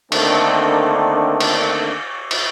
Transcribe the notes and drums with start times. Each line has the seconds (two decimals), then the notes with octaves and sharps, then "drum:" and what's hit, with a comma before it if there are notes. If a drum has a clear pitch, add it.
0.12 D3 D#3 A3 A#3 C4 D4, drum: cymbal
1.40 drum: cymbal
2.31 drum: cymbal